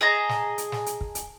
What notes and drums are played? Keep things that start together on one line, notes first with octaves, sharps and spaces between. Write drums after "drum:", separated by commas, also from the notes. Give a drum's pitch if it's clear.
G#4 D#5 A5 A#5
drum: snare
drum: hi-hat
drum: snare
drum: hi-hat
drum: kick
drum: hi-hat